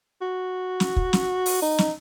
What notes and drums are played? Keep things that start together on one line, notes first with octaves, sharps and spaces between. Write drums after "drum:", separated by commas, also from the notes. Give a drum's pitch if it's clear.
F#4
drum: snare
drum: kick
drum: snare
drum: open hi-hat
D#4
drum: snare